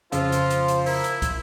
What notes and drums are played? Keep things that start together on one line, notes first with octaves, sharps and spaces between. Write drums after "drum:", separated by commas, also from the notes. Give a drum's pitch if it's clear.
F2 C#3 F3 F4 C5 E6, drum: hi-hat
drum: hi-hat
drum: hi-hat
drum: hi-hat
E4 A#4, drum: open hi-hat
drum: hi-hat
drum: kick, hi-hat